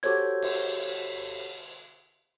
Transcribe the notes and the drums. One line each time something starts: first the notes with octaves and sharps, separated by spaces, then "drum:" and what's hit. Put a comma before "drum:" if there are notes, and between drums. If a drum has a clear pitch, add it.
F#4 G4 A4 C5 C#5 G#6, drum: hi-hat
drum: cymbal